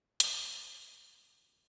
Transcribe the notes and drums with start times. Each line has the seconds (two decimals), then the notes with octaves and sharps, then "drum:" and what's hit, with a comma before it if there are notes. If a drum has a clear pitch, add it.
0.20 G#2 B2 F3 G3, drum: hi-hat